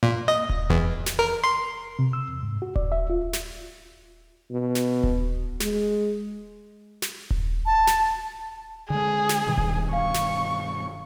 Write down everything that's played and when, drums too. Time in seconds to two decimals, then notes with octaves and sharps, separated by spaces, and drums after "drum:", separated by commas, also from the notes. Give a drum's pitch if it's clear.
0.03 A#2
0.28 D#5
0.49 drum: kick D#1
0.70 E2
1.06 drum: snare
1.19 A#4
1.44 C6
1.99 C3
2.13 E6
2.28 E2
2.43 G#2
2.62 F#4
2.76 D5, drum: kick D#1
2.92 E5
3.10 F4
3.33 drum: snare
4.50 B2
4.75 drum: snare
5.03 drum: kick D#1
5.60 G#3, drum: snare
7.02 drum: snare
7.30 drum: kick D#1
7.66 A5
7.87 drum: snare
8.90 D3 G#3 G#4
9.29 drum: snare
9.47 G2 B2 D#3
9.57 drum: kick D#1
9.93 F5 C#6
10.14 drum: snare